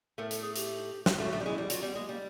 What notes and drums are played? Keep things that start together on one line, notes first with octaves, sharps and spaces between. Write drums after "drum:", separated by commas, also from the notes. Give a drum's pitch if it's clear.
A2 A3 A#4
A4, drum: hi-hat
G#4
G4, drum: hi-hat
drum: snare
A2 A3 F#4
A2 A3
G3
G#3 E4
G3
F#3 F4, drum: hi-hat
G3 B3
G#3 A#3
G3 A#3